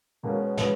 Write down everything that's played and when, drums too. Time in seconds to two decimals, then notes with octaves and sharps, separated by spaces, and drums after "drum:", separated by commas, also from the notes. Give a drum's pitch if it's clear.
0.23 B2 G#3 A#3 C#4
0.40 B3
0.57 B2 G#3 B3 C#4, drum: snare